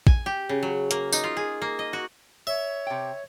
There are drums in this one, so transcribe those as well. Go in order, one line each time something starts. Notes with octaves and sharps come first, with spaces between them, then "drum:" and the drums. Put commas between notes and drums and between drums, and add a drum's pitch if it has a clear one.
G#5, drum: kick
G4
C#3
F#3
A#3, drum: hi-hat
D#4, drum: tambourine
F4
G#4
A#3
D#5
F#4
C#5 E5
C3 G5